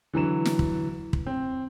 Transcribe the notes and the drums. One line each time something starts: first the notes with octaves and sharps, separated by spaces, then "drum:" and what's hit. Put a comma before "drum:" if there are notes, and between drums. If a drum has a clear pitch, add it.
D3 E3 F#3 E7
drum: snare
drum: kick
drum: kick
C4